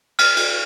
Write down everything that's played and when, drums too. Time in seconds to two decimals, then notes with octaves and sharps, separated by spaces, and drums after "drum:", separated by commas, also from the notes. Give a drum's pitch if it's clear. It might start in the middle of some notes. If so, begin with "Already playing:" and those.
0.19 F6, drum: cymbal
0.36 drum: cymbal